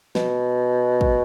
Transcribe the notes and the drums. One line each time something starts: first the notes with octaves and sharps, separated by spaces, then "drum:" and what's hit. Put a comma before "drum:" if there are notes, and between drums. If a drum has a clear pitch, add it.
B2, drum: snare
drum: kick